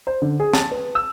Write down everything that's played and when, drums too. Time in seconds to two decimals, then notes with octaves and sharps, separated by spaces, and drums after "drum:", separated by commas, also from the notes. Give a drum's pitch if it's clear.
0.07 C5
0.22 D3
0.40 G#4
0.54 A5, drum: snare
0.71 B4
0.95 E6